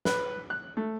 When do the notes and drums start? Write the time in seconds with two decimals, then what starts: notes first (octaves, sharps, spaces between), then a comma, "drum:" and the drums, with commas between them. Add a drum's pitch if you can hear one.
0.05 B4, drum: snare
0.50 F#6
0.77 A3